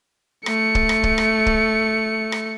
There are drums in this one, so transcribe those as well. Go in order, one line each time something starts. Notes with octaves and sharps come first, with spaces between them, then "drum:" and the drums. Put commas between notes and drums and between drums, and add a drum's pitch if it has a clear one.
A3 C#7, drum: rim click
drum: kick
drum: rim click
drum: kick
drum: rim click
drum: kick
drum: rim click